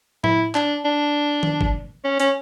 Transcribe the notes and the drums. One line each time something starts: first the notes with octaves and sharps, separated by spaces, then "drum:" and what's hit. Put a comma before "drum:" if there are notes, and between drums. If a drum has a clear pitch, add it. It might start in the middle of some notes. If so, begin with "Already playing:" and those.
E4, drum: tom A2
D4, drum: clap
D4
drum: tom D#3
drum: kick
C#4
C#4, drum: hi-hat